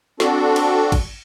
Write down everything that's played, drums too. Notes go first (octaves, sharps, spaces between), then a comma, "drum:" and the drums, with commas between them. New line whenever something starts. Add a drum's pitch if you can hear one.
C4 D4 F#4 A4, drum: snare
drum: cymbal
drum: kick, cymbal